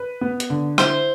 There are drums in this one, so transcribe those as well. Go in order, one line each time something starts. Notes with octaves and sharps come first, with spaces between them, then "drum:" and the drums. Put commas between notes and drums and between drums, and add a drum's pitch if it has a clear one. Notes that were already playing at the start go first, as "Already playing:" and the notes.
Already playing: B4
B3
drum: hi-hat
D3
E4 C5, drum: rim click